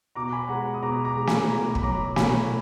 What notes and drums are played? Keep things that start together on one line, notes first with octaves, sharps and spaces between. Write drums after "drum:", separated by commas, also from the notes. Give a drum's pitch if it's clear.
B2 A#5 D6
G#5 B5
G#3 F#5 A#5
D#6
B2 A#5 D6
A#5 D6
G#3
G#5 B5, drum: snare
B2 A#5 D6
B5, drum: kick
F#3 A#5 D6
B2 G#5 B5, drum: snare